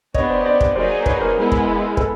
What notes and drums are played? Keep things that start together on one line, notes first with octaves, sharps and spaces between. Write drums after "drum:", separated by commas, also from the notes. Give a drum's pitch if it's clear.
B3 D4 G4 C#5 D#5, drum: kick
C5 D5
D#5
C5 D5
drum: kick
F#3 A#3 D#4 G#4 C5 D5
B4 C#5, drum: kick
A#4 C5
G#3 B3 E4
drum: kick
A4 B4, drum: kick